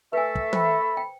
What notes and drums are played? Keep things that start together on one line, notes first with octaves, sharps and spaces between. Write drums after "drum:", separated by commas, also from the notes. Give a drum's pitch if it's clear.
A3 A4 B4 E5 G#5
drum: kick
C5 G5 B5, drum: tom
G5